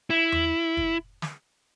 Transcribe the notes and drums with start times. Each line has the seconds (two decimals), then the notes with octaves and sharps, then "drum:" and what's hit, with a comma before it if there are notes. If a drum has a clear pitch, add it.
0.10 E4
0.32 drum: tom E2
0.77 drum: kick
1.22 drum: snare